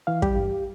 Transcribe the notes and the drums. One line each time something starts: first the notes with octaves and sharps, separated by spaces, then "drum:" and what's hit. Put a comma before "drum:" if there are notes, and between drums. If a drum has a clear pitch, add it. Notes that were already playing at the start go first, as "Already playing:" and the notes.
E3 F5
G3 G4, drum: kick
G2